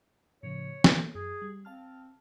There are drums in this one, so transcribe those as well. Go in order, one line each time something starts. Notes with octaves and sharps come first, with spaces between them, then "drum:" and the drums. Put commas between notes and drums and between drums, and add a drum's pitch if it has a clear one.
A2 C#3 F3 C#5
A#3 A4, drum: snare
F#2 G#4
G3
C4 F5 A5 F6